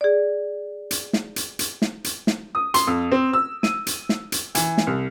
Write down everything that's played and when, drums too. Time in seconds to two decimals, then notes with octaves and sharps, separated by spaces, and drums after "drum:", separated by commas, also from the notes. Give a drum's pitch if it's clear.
0.01 G#4 D5
0.91 drum: hi-hat
1.13 drum: snare
1.36 drum: hi-hat
1.59 drum: hi-hat
1.82 drum: snare
2.04 drum: hi-hat
2.27 drum: snare
2.55 D#6
2.74 C6, drum: hi-hat
2.87 F2
3.12 C4
3.33 E6
3.63 D#7, drum: snare
3.87 drum: hi-hat
4.09 drum: snare
4.32 drum: hi-hat
4.55 E3, drum: hi-hat
4.78 drum: snare
4.87 C2